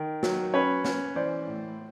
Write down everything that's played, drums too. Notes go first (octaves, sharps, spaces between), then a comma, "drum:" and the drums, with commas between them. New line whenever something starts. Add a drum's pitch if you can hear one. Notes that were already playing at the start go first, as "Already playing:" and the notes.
Already playing: D#3
F#3, drum: snare
C#4 B4 C#5
C#4, drum: snare
E3 C5 D5
A2